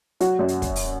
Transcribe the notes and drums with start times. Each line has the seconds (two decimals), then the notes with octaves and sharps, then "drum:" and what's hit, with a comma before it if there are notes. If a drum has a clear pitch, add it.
0.20 F#3 F#4, drum: hi-hat
0.39 F#2
0.48 drum: hi-hat
0.62 drum: kick, hi-hat
0.76 drum: open hi-hat